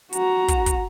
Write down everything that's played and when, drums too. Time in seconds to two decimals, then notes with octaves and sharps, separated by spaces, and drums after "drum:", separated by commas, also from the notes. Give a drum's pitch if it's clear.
0.13 F#4 A#5, drum: hi-hat
0.48 drum: kick, hi-hat
0.66 drum: kick, hi-hat